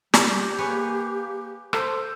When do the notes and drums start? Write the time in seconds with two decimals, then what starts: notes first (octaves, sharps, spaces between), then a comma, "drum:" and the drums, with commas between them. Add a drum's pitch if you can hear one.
0.14 G3 G4, drum: snare
0.58 A#3 G#4 B4 C#5
1.73 A4 C5, drum: rim click